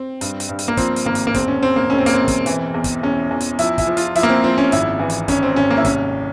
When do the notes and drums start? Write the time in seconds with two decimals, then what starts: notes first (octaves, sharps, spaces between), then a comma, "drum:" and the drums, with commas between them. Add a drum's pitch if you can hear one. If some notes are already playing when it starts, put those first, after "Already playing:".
Already playing: C4
0.21 G2, drum: hi-hat
0.40 drum: hi-hat
0.49 G2
0.59 drum: hi-hat
0.68 A#3
0.77 F3 C4, drum: kick, hi-hat
0.96 drum: hi-hat
1.05 G#1 A#3
1.15 drum: hi-hat
1.27 A#3
1.34 E1 C4, drum: kick, hi-hat
1.48 C#4
1.63 E1 C4
1.76 A#3
1.90 E1 C#4
1.98 C4
2.06 A#3, drum: hi-hat
2.14 E1 C4
2.28 drum: kick, hi-hat
2.46 E3, drum: hi-hat
2.74 E2
2.84 drum: kick, hi-hat
3.03 E2 C#4
3.30 E2
3.40 drum: hi-hat
3.59 F3 E4, drum: hi-hat
3.78 E4, drum: kick, hi-hat
3.87 F3
3.97 F4, drum: hi-hat
4.15 F3 E4, drum: hi-hat
4.23 A#3
4.30 C4
4.44 F3 C4
4.58 C#4
4.72 G#1 E4, drum: hi-hat
5.00 E3
5.10 drum: hi-hat
5.28 G#1 C#4, drum: kick, hi-hat
5.43 C4
5.56 G#1 C#4
5.71 A#3
5.77 E4
5.85 C2 C#4, drum: kick, hi-hat